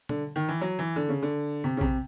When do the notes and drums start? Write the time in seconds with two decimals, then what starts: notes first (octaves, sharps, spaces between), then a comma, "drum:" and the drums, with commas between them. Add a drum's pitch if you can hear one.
0.09 D3, drum: tom
0.36 D#3
0.49 E3
0.61 F#3
0.79 E3
0.96 D3
1.09 C#3
1.23 D3
1.64 C3
1.77 C#3
1.81 C3, drum: kick A#1